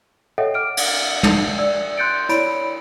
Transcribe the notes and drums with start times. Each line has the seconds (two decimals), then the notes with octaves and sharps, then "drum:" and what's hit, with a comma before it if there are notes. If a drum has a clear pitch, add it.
0.38 A4 C#5 D#5 E5 F#5 G5
0.54 D6 F6 D7
0.77 drum: cymbal
1.23 drum: tom
1.59 D5 E6
1.98 C6 F#6 G6 A6 C#7 D7
2.29 E4 C#5 D5 B5 D7, drum: hi-hat